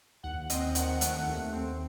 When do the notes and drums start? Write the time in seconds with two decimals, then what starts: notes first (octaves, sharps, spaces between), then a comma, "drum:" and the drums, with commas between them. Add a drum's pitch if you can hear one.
0.23 D#2 F#5
0.50 C4 D#5, drum: hi-hat
0.75 D#3 F#5, drum: hi-hat
1.01 A3, drum: hi-hat
1.27 D#2
1.52 C4